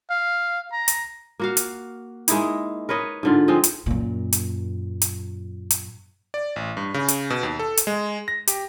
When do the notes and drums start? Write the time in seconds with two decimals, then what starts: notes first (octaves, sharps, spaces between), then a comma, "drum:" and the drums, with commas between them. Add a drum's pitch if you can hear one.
0.10 F5
0.72 A#5
0.88 drum: hi-hat
1.40 A#3 F#4 F5
1.57 drum: hi-hat
2.28 G#3 A#3 D#4 E4, drum: hi-hat
2.89 A#4 B4 C#5 D#5
3.23 G#2 D3 F4
3.48 F3 G#3 C4
3.64 drum: hi-hat
3.86 F#2 A#2
4.33 drum: hi-hat
5.02 drum: hi-hat
5.71 drum: hi-hat
6.34 D5
6.56 A1
6.77 G2
6.94 C#3
7.08 drum: hi-hat
7.30 B2
7.43 D#2
7.59 A4
7.77 drum: hi-hat
7.87 G#3
8.28 A#6
8.48 G4, drum: hi-hat